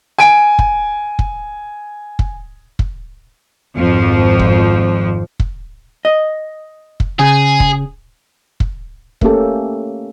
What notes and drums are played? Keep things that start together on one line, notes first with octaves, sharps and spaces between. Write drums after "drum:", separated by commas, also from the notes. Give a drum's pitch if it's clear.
G#5 D7
drum: kick
drum: kick
drum: kick
drum: kick
G#1 F2 F3
drum: kick
drum: kick
D#5
drum: kick
C#3 G#4
drum: kick
drum: kick
A3 A#3 C#4 G4 A4, drum: kick